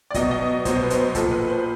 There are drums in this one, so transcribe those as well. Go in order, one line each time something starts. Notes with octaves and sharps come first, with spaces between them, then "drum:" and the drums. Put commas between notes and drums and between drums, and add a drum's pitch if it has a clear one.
D5
B2 F#3 D#5, drum: kick, hi-hat
D#5
B2 F#3 C5, drum: kick, hi-hat
B4
C5, drum: hi-hat
A#2 F3 A4, drum: kick, hi-hat
B4
C5